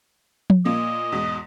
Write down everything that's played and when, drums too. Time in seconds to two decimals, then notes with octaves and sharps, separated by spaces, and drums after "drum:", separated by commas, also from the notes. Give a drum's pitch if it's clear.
0.50 drum: tom F3
0.65 A#2 A#3 D#5
1.12 E2 G#2 B2